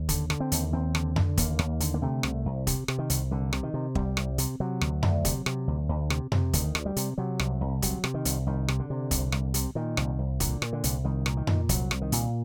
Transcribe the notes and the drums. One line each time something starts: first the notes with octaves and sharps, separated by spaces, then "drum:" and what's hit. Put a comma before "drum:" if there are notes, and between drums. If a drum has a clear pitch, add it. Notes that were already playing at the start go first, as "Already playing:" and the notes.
Already playing: D#2
D3, drum: kick, hi-hat
D3, drum: rim click
C4
D#2, drum: hi-hat
D#2 C4
D3, drum: rim click
D3, drum: tom F2
D#2 A#3, drum: kick, hi-hat
D#2, drum: rim click
D3, drum: hi-hat
A#3
C3 A3
C2, drum: rim click
C2
C3, drum: kick, hi-hat
C3, drum: rim click
D#3
C2, drum: hi-hat
C2 D3
C3, drum: rim click
D#3
C3
C2 G3, drum: kick
C2, drum: rim click
C3, drum: hi-hat
C3 F#3
D2, drum: rim click
D2, drum: tom F2
C3, drum: kick, hi-hat
C3, drum: rim click
D2
D2
C3, drum: rim click
C3, drum: tom F2
D2 D#3, drum: kick, hi-hat
D2, drum: rim click
G3
C3, drum: hi-hat
C3 F#3
C2, drum: rim click
C2
C3 F#3, drum: kick, hi-hat
C3, drum: rim click
D#3
C2, drum: hi-hat
C2 D#3
C3, drum: rim click
D3
C3
C2, drum: kick, hi-hat
C2, drum: rim click
C3, drum: hi-hat
A#2 D#3
C2, drum: rim click
C2
A#2 D3, drum: kick, hi-hat
A#2, drum: rim click
D3
C2, drum: hi-hat
C2 D#3
A#2, drum: rim click
D#3
A#2, drum: tom F2
C2 F#3, drum: kick, hi-hat
C2, drum: rim click
D#3
A#2, drum: hi-hat